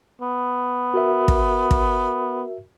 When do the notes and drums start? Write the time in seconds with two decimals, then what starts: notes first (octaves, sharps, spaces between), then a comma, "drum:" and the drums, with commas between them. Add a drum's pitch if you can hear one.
0.22 B3
0.94 F#4 A#4 E5
1.28 drum: kick
1.71 drum: kick